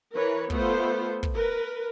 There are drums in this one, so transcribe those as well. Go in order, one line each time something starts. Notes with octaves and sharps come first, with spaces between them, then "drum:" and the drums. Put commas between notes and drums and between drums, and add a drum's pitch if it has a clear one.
E3 A#4 B4 C#5
A3 B3 F4 C5, drum: kick
drum: kick
A#4 B4